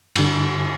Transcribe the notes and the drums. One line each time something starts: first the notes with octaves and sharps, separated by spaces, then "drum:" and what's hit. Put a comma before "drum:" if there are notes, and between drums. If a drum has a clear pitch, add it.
G2 D3, drum: cymbal